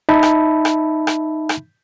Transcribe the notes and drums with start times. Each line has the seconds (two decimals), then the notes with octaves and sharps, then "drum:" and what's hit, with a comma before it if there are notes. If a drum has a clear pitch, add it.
0.09 D#4 E5 A5 B5
0.23 drum: rim click
0.65 drum: rim click
1.07 drum: rim click
1.49 drum: rim click